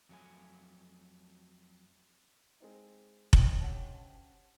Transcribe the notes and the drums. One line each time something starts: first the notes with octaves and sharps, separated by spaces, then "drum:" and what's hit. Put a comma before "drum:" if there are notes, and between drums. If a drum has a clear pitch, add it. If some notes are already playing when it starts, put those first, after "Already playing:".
F2 F#3 A3 G#5
G#3 C4 D#4
D2 C#4 D#5 G5, drum: kick F1
C#4 G4 F#5 A5